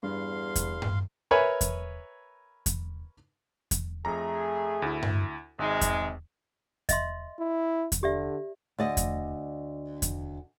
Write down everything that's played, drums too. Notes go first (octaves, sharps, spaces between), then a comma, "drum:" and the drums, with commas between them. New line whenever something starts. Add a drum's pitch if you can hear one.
E2 G2 F5 C6
drum: kick E2, hi-hat
drum: tom G2
A#4 B4 C#5 E5 G#5 B5
drum: kick E2, hi-hat
drum: kick E2, hi-hat
drum: kick E2, hi-hat
F2 A3 G#4 A#5
D2 E4
drum: tom G2
G#1 C3 G#3 D#4
drum: kick E2, hi-hat
D#5 E5 C6, drum: kick E2, hi-hat
E4
drum: kick E2, hi-hat
D3 G4 D5 E5
D2 D5 D#5
drum: kick E2, hi-hat
drum: kick E2, hi-hat